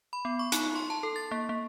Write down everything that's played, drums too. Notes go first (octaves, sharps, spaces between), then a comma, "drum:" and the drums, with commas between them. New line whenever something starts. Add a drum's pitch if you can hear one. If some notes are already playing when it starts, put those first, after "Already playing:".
B5
B3
C#6
D#4, drum: hi-hat
C6
A5
A4
A6
A#3
A#3